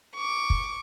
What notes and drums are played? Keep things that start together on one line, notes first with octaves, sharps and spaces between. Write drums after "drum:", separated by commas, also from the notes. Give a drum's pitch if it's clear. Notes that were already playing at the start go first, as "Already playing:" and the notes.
C#6 D6
drum: kick